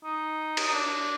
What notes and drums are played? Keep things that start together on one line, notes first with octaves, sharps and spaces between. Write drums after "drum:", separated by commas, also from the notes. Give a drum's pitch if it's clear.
D#4
drum: cymbal
D#4
D4